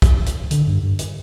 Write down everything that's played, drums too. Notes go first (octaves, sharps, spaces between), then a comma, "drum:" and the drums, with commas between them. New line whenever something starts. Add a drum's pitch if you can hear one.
drum: kick, hi-hat
drum: hi-hat
D3, drum: hi-hat
G2
G2
drum: hi-hat